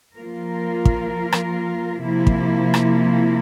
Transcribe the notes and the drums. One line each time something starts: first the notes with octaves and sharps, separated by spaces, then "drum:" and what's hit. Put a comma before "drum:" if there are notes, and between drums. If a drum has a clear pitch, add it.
F3 A#3 F4 A#4
drum: kick
drum: rim click
C3 F3 A#3 E4
drum: kick
drum: rim click